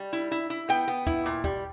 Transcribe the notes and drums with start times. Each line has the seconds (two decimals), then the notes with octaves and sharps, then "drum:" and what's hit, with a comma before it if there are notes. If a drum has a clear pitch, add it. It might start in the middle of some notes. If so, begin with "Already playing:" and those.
Already playing: G3
0.13 E4
0.31 E4
0.50 E4
0.69 B3 G5
0.88 B3
1.07 E4, drum: kick
1.26 A#2
1.44 G3, drum: kick